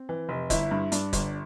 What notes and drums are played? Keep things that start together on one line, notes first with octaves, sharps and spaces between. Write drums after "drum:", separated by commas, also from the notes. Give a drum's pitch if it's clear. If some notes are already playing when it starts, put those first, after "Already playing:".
Already playing: C4
E3
F1
G1 E4, drum: kick F1, hi-hat
G2
G2 D4, drum: hi-hat
G1, drum: kick F1, hi-hat